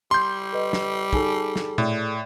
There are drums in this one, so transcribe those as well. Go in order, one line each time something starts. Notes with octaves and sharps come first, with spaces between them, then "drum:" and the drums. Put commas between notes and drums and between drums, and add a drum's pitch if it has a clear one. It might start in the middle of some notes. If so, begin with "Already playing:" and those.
G3 C6 G6
A4 B4 D#5
drum: snare
D#4 G#4 A4 G#5 A5, drum: kick
drum: snare
A2 D5, drum: tom A#2